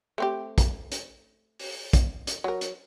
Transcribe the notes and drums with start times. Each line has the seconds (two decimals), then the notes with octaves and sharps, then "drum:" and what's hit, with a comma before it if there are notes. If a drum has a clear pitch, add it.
0.18 A3 C4 G4
0.58 drum: kick, hi-hat
0.92 drum: hi-hat
1.59 drum: open hi-hat
1.93 drum: kick, hi-hat
2.27 drum: hi-hat
2.44 F#3 A#4
2.61 drum: hi-hat